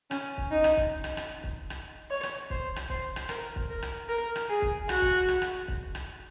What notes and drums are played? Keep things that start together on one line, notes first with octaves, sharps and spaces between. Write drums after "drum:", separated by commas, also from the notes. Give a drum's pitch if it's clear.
C#4, drum: rim click
drum: kick
D#4
drum: rim click
drum: kick
drum: rim click
drum: rim click
drum: kick
drum: rim click
C#5
drum: rim click
C5, drum: kick
drum: rim click
C5, drum: kick
drum: rim click
A#4, drum: rim click
drum: kick
A#4
drum: rim click
A#4
drum: rim click
G#4
drum: kick
F#4, drum: rim click
drum: kick
drum: rim click
drum: rim click
drum: kick
drum: rim click